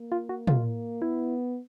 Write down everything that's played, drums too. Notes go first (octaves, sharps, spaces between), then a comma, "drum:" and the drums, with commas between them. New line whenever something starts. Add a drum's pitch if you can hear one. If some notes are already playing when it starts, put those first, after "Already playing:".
Already playing: A#3
F4
F#4
F4, drum: tom
B3 E4